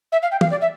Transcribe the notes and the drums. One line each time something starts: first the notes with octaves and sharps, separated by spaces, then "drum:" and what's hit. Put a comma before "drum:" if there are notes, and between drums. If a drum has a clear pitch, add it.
E5
F5
G5
F5, drum: tom
D5
E5